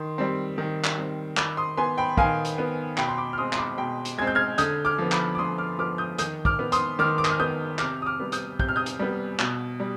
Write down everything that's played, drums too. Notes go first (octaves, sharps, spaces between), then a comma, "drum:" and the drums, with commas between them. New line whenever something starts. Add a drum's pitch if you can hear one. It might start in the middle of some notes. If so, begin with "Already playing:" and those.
Already playing: D#3 C6
G3 C4
D#3
drum: clap
G3 C4
D#3 B5 D6, drum: clap
C6 D#6
B3 G#5 C6
G5 B5
D#3 F5 G#5, drum: kick
drum: hi-hat
B3
B2 G5 B5, drum: clap
C6
B5 D6
F6
G#3 C4 C6 D#6
C6, drum: clap
B5 D6
B2 G5 B5
drum: hi-hat
G#3 C4 G#6
G6
F6 G#6
D3 D#6 G6, drum: hi-hat
D6 F6
F3 B3
B5 D6, drum: clap
D6
D3 C6 D#6
D6 F6
F3 B3 D6 F6
D#6 G6
D#3 D#6 G6, drum: hi-hat
D6 F6, drum: kick
B3
C6 D#6, drum: hi-hat
D#3 D6 F6
D6
D#6, drum: clap
F6
B3 D#6 G6
C3 D6 F6, drum: clap
D#6
D6 F6
G3 B3
D#6 G6, drum: hi-hat
C3 G6, drum: kick
F6
D#6 G6
drum: hi-hat
G3 B3
B2, drum: clap
G3